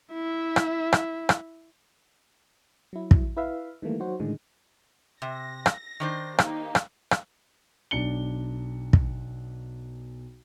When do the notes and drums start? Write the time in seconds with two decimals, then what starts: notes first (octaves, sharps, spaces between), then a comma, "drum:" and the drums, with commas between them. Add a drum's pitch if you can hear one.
0.13 E4 E5
0.56 drum: rim click
0.92 drum: rim click
1.29 drum: rim click
2.93 F#3 E4
3.11 drum: kick
3.37 E4 B4 E5 F5
3.82 D#3 E3 G3 A3 A#3
4.00 F#3 D#4 F#4 C5
4.20 A2 D3 D#3 G#3
5.22 C3 A#6
5.66 drum: rim click
6.00 D#3 D4 C5
6.38 A#3 D#4 G4, drum: rim click
6.75 drum: rim click
7.11 drum: rim click
7.91 B1 D4 C#7 G7
8.93 drum: kick